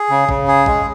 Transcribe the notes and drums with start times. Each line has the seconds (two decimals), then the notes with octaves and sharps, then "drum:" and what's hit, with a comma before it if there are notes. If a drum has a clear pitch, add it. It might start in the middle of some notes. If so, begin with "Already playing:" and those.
Already playing: G#4
0.10 C#3
0.29 C#3, drum: kick A1
0.48 G#4
0.66 G#3, drum: kick A1